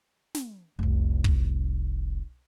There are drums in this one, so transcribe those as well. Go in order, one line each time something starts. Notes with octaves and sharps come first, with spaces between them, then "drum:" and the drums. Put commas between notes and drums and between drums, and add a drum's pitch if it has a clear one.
drum: snare
F1 C2
drum: kick